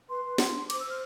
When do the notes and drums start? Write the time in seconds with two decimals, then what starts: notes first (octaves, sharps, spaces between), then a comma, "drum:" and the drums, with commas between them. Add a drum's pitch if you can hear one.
0.09 B4 C6
0.24 B4
0.38 F4, drum: snare
0.54 D4
0.70 C5 D6, drum: cymbal
0.79 E6
0.84 C5 F6